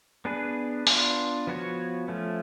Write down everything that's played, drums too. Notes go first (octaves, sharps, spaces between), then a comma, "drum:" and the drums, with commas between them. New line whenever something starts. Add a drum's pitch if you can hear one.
B3 D4 G#4 B4
B3 D4 F4, drum: open hi-hat
F3 B3 F#4 C#5
F3 A3 C#4